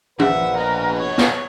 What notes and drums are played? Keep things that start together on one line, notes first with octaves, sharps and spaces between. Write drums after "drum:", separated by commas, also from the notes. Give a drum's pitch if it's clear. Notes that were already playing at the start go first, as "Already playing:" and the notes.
A#1 B4 E5 F#5, drum: tom
B3 A#4 D#5
C#5
drum: snare